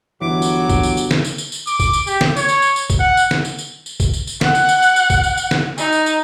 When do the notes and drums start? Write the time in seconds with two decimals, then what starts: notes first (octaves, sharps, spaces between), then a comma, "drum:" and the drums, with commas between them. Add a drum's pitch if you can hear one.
0.21 G1 E3 F#3 D6
0.42 drum: tambourine
0.69 drum: kick, tambourine
0.83 drum: tambourine
0.97 drum: tambourine
1.11 drum: snare
1.25 drum: tambourine
1.38 drum: tambourine
1.52 drum: tambourine
1.67 D6, drum: tambourine
1.80 drum: kick, tambourine
1.93 drum: tambourine
2.07 G4, drum: tambourine
2.21 drum: snare
2.36 C#5, drum: tambourine
2.48 drum: tambourine
2.62 drum: tambourine
2.76 drum: tambourine
2.90 drum: kick, tambourine
3.00 F#5
3.17 drum: tambourine
3.31 drum: snare
3.45 drum: tambourine
3.58 drum: tambourine
3.86 drum: tambourine
4.00 drum: kick, tambourine
4.14 drum: tambourine
4.27 drum: tambourine
4.41 F#5, drum: snare
4.55 drum: tambourine
4.69 drum: tambourine
4.82 drum: tambourine
4.96 drum: tambourine
5.10 drum: kick, tambourine
5.24 drum: tambourine
5.37 drum: tambourine
5.51 drum: snare
5.78 D#4, drum: tambourine
5.92 drum: tambourine
6.06 drum: tambourine